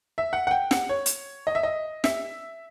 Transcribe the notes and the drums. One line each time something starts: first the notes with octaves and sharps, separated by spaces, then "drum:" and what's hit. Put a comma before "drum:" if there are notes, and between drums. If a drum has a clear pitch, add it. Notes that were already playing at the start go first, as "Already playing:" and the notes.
E5
F#5
F#5
G5
F#5, drum: snare
C#5
drum: hi-hat
D#5
E5
D#5
E5, drum: snare